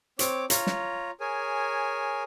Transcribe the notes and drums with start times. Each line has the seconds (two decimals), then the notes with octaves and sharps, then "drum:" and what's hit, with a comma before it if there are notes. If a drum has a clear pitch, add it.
0.19 C4 C#5 D6, drum: hi-hat
0.50 F4 C#5 A#5, drum: hi-hat
0.67 drum: snare
1.20 G#4 A#4 C#5 G#5